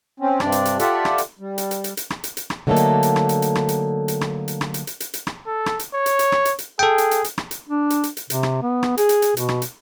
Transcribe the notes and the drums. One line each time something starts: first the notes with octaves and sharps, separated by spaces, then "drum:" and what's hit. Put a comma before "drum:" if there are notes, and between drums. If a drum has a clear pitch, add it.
C4 C#4
G2 C3 D4 D5, drum: rim click
drum: hi-hat
drum: hi-hat
F4 G4 A4 D5 E5 F#5, drum: hi-hat
drum: rim click
drum: hi-hat
G3
drum: hi-hat
drum: hi-hat
drum: hi-hat
drum: hi-hat
drum: rim click
drum: hi-hat
drum: hi-hat
drum: rim click
D3 F#3 A3 A#3 D#4 A4
drum: hi-hat
drum: hi-hat
drum: rim click
drum: hi-hat
drum: hi-hat
drum: rim click
drum: hi-hat
drum: hi-hat
drum: rim click
drum: hi-hat
drum: rim click
drum: hi-hat
drum: hi-hat
drum: hi-hat
drum: hi-hat
drum: rim click
A4
drum: rim click
drum: hi-hat
C#5
drum: hi-hat
drum: hi-hat
drum: rim click
drum: hi-hat
drum: hi-hat
G#4 A4 G5
drum: hi-hat
drum: hi-hat
drum: hi-hat
drum: rim click
drum: hi-hat
D4
drum: hi-hat
drum: hi-hat
drum: hi-hat
C3, drum: hi-hat
drum: rim click
B3
drum: rim click
G#4, drum: hi-hat
drum: hi-hat
drum: hi-hat
B2, drum: hi-hat
drum: rim click
drum: hi-hat